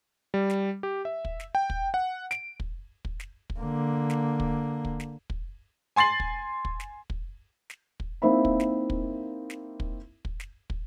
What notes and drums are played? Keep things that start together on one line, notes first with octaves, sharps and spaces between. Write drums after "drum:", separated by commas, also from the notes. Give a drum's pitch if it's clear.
G3
drum: snare
G4
E5
drum: kick
drum: snare
G5
drum: kick
F#5
D7, drum: snare
drum: kick
drum: kick
drum: snare
drum: kick
D3 A#3
drum: snare
drum: kick
drum: kick
drum: snare
drum: kick
G#5 C6 A6 C7 F#7
drum: kick
drum: kick
drum: snare
drum: kick
drum: snare
drum: kick
A#3 C4 D#4 E4 E5 B5
drum: kick
drum: snare
drum: kick
drum: snare
drum: kick
drum: kick
drum: snare
drum: kick